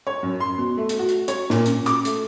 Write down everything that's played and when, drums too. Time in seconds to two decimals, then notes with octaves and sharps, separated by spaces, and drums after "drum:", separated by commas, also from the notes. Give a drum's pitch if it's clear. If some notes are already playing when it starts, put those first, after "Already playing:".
0.07 C#5
0.23 F#2
0.40 C6
0.58 B2
0.77 A3
0.89 drum: hi-hat
0.99 F#4
1.09 drum: hi-hat
1.28 C#5, drum: hi-hat
1.50 A#2, drum: snare
1.66 C#4, drum: hi-hat
1.86 D6, drum: hi-hat
2.05 A3, drum: hi-hat